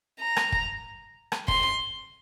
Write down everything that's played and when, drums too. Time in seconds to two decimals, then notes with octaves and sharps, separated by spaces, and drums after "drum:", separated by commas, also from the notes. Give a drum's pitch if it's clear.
0.20 A#5
0.37 drum: rim click
0.52 drum: kick
1.32 drum: rim click
1.48 C6, drum: kick